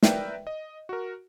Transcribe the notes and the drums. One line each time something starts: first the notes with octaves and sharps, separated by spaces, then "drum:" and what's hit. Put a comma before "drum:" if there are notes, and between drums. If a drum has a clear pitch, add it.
A#4 B4 D5 E5 G5, drum: snare
D#5
F#4 A#4